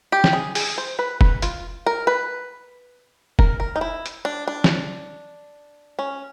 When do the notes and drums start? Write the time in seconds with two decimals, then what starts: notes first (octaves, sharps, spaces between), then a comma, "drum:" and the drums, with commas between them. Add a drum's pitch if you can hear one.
0.12 G4
0.24 drum: snare
0.33 G#4
0.55 G#4, drum: open hi-hat
0.78 C5
0.99 B4
1.21 B4, drum: kick
1.42 F4, drum: hi-hat
1.86 A#4
2.07 B4
3.39 A#4, drum: kick
3.60 A#4
3.76 D#4
3.81 E4
4.06 drum: hi-hat
4.25 D4
4.48 D4
4.64 drum: snare
5.99 C#4